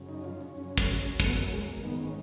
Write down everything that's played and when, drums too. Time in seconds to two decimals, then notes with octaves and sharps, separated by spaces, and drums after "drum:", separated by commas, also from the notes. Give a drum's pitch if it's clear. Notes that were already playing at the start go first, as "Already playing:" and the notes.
Already playing: F#2 C#3
0.09 D#4
0.24 F4
0.41 C#4
0.56 F#2 C#3
0.78 drum: kick
1.20 B3, drum: kick
1.36 A#3
1.52 G#3
1.69 A#3
1.84 G#2 D#3 B3
2.00 C#4